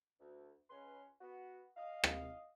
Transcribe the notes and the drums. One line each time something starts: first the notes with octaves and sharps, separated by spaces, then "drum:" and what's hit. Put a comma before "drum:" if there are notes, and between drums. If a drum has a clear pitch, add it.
D2
C#2 C#4 B4 C6
B3 F#4
D#5 F5
drum: rim click